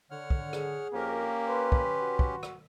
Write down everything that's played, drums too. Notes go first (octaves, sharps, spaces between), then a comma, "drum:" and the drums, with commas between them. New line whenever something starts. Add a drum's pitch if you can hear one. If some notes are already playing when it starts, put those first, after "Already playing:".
D3 C#5 F#5 F6
drum: kick
G#4, drum: rim click
F2 A#3 C#4 G4 A#4
B4 C6
drum: kick
F#4
drum: kick
drum: rim click